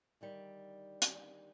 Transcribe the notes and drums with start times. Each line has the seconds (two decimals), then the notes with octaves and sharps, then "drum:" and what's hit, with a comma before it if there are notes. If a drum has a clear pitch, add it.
0.21 D3 D#3 G3
1.02 drum: hi-hat